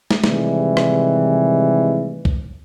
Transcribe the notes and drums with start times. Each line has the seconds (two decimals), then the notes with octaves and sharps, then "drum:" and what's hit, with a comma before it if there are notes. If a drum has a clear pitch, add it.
0.11 drum: snare
0.24 A2 C3 D#3 E3 G3 G#3, drum: snare
0.77 drum: rim click
2.25 drum: kick B1